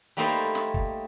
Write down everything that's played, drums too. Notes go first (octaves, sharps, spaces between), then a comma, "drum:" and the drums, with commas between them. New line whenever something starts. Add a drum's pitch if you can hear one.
G3 A3 A#3 D#4 E4 C5
drum: snare
drum: kick